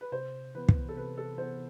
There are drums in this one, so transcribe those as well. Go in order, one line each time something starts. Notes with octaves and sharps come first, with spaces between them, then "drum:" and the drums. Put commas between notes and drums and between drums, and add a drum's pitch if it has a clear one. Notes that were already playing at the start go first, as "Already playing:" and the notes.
B4
C3 C5
E3 B3 B4
drum: kick
A4
C3 B4
A4
E3 B3 C5